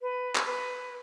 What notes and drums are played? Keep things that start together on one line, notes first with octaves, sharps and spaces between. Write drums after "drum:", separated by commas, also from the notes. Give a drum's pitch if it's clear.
B4
drum: clap
B4